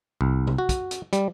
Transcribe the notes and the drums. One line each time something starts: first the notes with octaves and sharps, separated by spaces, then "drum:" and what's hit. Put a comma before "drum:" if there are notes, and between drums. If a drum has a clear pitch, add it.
C2
drum: tom
F#4
drum: kick, hi-hat
drum: hi-hat
G3, drum: hi-hat